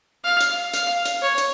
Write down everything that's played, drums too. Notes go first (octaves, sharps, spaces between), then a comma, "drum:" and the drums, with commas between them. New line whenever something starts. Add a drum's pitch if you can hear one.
F5
drum: hi-hat
F5, drum: hi-hat
drum: hi-hat
C#5
drum: hi-hat